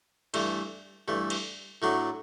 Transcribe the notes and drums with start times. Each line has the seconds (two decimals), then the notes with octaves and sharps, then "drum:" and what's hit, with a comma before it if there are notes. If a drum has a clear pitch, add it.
0.34 G2 E3 A3, drum: cymbal
1.08 G2 E3 A3
1.30 drum: cymbal
1.82 A2 F#3 A3 D4